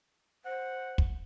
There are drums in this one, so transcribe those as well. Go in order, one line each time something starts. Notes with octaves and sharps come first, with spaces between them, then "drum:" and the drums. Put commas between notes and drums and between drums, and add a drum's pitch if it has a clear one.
C5 F#5
drum: kick